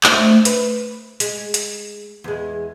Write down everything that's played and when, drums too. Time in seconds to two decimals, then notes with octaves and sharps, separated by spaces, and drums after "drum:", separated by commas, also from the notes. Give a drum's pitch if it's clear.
0.04 A3 C4 D4, drum: clap
0.45 B4, drum: hi-hat
1.20 G#3, drum: hi-hat
1.54 drum: hi-hat
2.24 E2 G#3